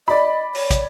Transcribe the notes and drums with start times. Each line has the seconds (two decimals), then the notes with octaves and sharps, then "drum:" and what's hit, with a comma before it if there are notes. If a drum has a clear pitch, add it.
0.08 D5 D#5 B5
0.55 C#5, drum: open hi-hat
0.71 drum: kick, hi-hat